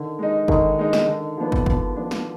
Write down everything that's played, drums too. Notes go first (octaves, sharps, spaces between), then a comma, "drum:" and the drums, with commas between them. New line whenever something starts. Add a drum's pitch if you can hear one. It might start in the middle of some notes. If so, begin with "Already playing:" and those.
Already playing: D3 D#3
G#3 D#4
D3 D#3, drum: kick
G#3 D#4
drum: snare
D3
F3 B3 D4
drum: kick
D3, drum: kick
F3 B3 D4
drum: snare